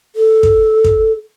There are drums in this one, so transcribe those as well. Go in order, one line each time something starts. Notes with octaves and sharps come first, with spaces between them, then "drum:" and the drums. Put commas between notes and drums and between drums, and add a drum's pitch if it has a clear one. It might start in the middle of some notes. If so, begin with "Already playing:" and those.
A4
drum: kick
drum: kick